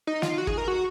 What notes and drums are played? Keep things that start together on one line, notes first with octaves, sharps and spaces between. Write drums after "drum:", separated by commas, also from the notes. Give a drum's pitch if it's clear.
D#4
F4, drum: snare
F#4
G#4, drum: kick
A#4
F#4